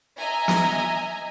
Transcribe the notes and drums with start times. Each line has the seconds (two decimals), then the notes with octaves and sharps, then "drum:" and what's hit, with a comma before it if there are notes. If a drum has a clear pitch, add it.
0.18 D#5 E5 G#5 A#5
0.48 drum: snare